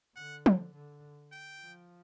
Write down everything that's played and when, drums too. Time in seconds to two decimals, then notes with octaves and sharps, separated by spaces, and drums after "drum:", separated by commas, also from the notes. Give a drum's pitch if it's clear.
0.16 D3 F#5
0.46 drum: tom
0.74 D3
1.32 G5
1.61 F3